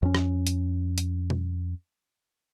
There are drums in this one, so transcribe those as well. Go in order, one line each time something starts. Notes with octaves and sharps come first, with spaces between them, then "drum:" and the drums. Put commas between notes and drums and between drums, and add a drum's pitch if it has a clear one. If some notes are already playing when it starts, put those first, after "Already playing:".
F2 C#4
drum: rim click
drum: hi-hat
drum: hi-hat
drum: tom B2